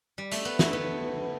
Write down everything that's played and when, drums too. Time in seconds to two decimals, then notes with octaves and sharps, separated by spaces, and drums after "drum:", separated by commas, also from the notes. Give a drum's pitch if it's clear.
0.18 G3
0.31 A3, drum: hi-hat
0.45 B3
0.59 A3, drum: snare
0.73 B3